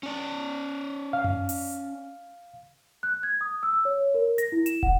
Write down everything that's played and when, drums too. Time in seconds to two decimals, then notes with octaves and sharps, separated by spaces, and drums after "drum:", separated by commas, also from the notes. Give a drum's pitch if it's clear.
0.03 C#4 D5
1.13 F5
1.24 drum: tom F#2
1.49 drum: open hi-hat
3.03 F#6
3.23 G#6
3.41 D#6
3.63 E6
3.85 C#5
4.14 A#4
4.38 A#6, drum: hi-hat
4.52 E4
4.66 E7, drum: hi-hat
4.83 F#5, drum: kick